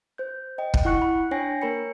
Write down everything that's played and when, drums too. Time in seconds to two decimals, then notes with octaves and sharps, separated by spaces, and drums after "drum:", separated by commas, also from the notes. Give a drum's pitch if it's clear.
0.18 C5 G6
0.58 D#5 G5
0.74 drum: kick
0.85 E4 F#5 C#6 F#6 C#7
1.02 B5
1.31 D4 C#5 G5 G#5 A#6 C7
1.62 A#3 A#4 C#5 B5 C#7